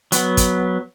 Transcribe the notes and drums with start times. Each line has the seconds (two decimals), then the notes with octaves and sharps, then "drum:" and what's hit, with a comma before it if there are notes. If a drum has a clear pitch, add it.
0.12 F#3 B3, drum: hi-hat
0.37 drum: kick, hi-hat